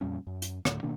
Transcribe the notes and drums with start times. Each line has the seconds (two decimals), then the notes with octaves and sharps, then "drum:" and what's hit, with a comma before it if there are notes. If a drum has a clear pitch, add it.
0.01 F2 A#2 G3 C#4
0.27 F#2
0.42 drum: hi-hat
0.65 D2 A2 D3, drum: rim click
0.83 B2 D#3 A#3 D4